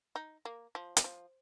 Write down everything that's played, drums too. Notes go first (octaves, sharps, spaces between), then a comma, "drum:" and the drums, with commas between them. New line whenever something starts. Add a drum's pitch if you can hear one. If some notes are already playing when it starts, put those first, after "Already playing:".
D#4
A#3
F3
G3, drum: hi-hat
F3